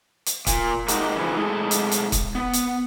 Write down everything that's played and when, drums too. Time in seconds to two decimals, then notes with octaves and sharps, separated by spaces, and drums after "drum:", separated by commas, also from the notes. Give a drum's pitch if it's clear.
0.26 drum: hi-hat
0.47 A#2, drum: kick, hi-hat
0.88 G#3 A#3 D#4 F#4 G4, drum: hi-hat
1.15 C#3 E3 F3
1.37 G#3 A3 E4 G#4
1.71 drum: hi-hat
1.91 drum: hi-hat
2.12 drum: kick, hi-hat
2.35 B3
2.53 drum: hi-hat